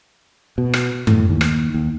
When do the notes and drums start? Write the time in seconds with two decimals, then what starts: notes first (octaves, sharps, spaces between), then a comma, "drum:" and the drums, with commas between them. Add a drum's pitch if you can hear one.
0.58 B2
0.73 drum: rim click
1.07 A2, drum: tom F#2
1.29 D#2
1.41 drum: rim click
1.74 D#2